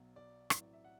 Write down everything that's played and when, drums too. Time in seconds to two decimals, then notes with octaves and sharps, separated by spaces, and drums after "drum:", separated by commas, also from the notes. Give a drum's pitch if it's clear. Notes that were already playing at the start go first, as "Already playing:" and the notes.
Already playing: B1 B2 F#3
0.16 D5
0.50 A1 A2 F#3 C4 E4 D5, drum: rim click
0.62 D5
0.73 E5
0.84 F#5